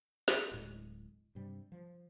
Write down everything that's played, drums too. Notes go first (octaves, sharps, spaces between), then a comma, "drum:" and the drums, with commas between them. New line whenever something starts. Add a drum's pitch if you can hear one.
drum: snare
D1 A2 G#3
G2 C3 G3
F3